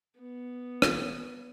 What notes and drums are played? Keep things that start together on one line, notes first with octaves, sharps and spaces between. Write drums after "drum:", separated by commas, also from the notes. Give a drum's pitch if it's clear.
B3
drum: rim click